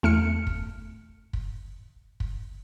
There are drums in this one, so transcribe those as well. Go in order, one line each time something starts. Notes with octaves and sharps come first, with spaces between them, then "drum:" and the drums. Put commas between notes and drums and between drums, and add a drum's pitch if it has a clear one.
E2 A3 F6 C#7
drum: kick
drum: kick
drum: kick